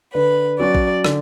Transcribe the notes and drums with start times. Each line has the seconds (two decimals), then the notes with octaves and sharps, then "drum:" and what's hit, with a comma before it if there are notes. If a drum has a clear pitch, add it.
0.14 D3 B4
0.59 F#3 C#4 F#4 D5
0.75 drum: kick A1
1.05 D3, drum: rim click